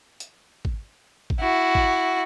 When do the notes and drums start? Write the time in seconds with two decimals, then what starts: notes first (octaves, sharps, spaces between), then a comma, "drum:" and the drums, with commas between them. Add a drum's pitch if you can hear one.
0.20 drum: hi-hat
0.65 drum: kick
1.30 drum: kick
1.40 E4 F#4
1.75 drum: kick